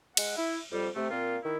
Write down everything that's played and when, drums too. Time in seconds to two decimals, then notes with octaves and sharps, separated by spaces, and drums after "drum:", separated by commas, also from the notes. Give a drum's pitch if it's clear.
0.17 G#3 F#5, drum: cymbal
0.36 E4
0.72 F2 G3
0.96 C3 A3
1.10 A#2 A#3 C4 F4
1.44 D#3 E4